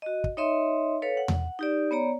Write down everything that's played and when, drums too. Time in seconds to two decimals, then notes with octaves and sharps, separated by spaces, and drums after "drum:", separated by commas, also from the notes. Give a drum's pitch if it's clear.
0.02 F#4 D#5
0.24 drum: kick
0.37 D#4 C#5 D#5 E5 C6
1.02 A4 B4 C#5 F5
1.17 F#5
1.28 drum: tom E2
1.59 D#4 G4 D5
1.91 B3 C#5 D5 A#5